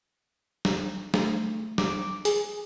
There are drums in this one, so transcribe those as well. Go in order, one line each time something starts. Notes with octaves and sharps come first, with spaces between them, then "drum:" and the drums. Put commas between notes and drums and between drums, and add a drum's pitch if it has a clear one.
drum: snare
A3, drum: snare
D6, drum: snare
G#4, drum: hi-hat